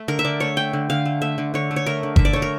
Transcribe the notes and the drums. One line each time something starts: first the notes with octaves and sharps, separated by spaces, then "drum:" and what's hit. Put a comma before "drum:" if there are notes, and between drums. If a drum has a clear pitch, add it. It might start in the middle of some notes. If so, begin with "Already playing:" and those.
Already playing: A3
D3 A#4
E5
D3 D5
A3 C#5
A3 G5
D3
D3 F5
A3
A3 E5
D3
D3 C#5
A3
C#5
A3 A#4
D3
D3 E5, drum: kick G1
D5
A3 C#5
A#4